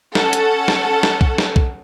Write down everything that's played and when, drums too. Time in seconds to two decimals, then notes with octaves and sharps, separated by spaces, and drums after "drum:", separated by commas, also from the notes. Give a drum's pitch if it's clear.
0.15 C#4 A4 F#5, drum: snare
0.33 drum: hi-hat
0.68 drum: snare
1.03 drum: snare
1.21 drum: kick B1
1.38 drum: snare
1.56 drum: kick B1